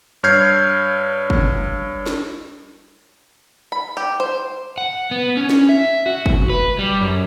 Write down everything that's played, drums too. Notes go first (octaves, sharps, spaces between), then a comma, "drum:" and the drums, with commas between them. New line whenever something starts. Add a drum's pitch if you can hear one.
G2 C#5 F6 G6 G#6 C7
drum: kick G1
drum: snare
B5
G4
C5
F#5
B3
C#4
drum: snare
E5
F#4
drum: kick G1
B4
G3
F#2